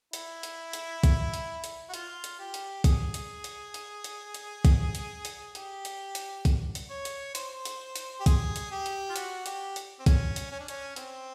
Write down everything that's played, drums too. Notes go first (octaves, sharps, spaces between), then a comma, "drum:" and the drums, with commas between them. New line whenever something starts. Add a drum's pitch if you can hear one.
E4, drum: hi-hat
drum: hi-hat
drum: hi-hat
drum: kick, hi-hat
drum: hi-hat
drum: hi-hat
F#4
F4, drum: hi-hat
drum: hi-hat
G4
drum: hi-hat
G#4, drum: kick, hi-hat
drum: hi-hat
drum: hi-hat
drum: hi-hat
drum: hi-hat
drum: hi-hat
drum: kick, hi-hat
drum: hi-hat
drum: hi-hat
G4, drum: hi-hat
drum: hi-hat
drum: hi-hat
drum: kick, hi-hat
drum: hi-hat
C#5
drum: hi-hat
C5, drum: hi-hat
drum: hi-hat
drum: hi-hat
G4
G#4, drum: kick, hi-hat
drum: hi-hat
G4
drum: hi-hat
F4
F#4, drum: hi-hat
G4, drum: hi-hat
drum: hi-hat
C4
C#4, drum: kick, hi-hat
drum: hi-hat
C#4
D4
C#4, drum: hi-hat
C4, drum: hi-hat